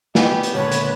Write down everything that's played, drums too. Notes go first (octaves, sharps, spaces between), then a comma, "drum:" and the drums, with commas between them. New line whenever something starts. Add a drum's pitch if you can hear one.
B3 G4, drum: snare
drum: hi-hat
C#2 A#2 D3 B3 B4 C#5 A5
drum: hi-hat